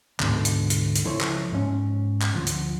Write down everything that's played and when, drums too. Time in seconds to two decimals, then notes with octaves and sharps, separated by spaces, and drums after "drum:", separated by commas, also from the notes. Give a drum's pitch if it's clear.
0.20 D2 G#2 B2 D3, drum: clap
0.45 drum: hi-hat
0.70 drum: hi-hat
0.96 drum: hi-hat
1.05 C#2 F3 E4 A4 C5 C#5
1.21 drum: clap
1.52 G#2 C#4
2.22 drum: clap
2.35 D2 F3
2.47 drum: hi-hat